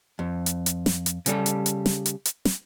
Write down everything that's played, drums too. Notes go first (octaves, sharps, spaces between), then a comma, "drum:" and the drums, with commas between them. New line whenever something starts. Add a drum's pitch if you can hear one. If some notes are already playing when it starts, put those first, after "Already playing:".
F2
drum: hi-hat
drum: hi-hat
drum: snare
drum: hi-hat
C#3 G3 A4, drum: hi-hat
drum: hi-hat
drum: hi-hat
drum: snare
drum: hi-hat
drum: hi-hat
drum: snare